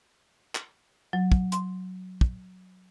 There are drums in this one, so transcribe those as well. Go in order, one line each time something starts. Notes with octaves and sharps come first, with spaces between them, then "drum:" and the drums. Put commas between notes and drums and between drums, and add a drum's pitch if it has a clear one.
drum: clap
F#3
drum: kick
C6, drum: hi-hat
drum: kick